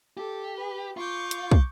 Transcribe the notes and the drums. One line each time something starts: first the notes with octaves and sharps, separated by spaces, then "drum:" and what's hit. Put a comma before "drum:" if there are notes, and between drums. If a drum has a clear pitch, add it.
G4 A4
B4
F4 C#6 D6 G6
drum: hi-hat
drum: kick